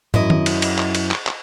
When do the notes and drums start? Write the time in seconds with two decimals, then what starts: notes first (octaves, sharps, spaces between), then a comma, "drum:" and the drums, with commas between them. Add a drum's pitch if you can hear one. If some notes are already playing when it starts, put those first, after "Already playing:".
0.14 F#2 E4 D#5, drum: tom
0.30 drum: tom D#3
0.46 drum: cymbal
0.62 drum: cymbal
0.78 drum: clap
0.95 drum: cymbal
1.11 drum: clap
1.27 drum: clap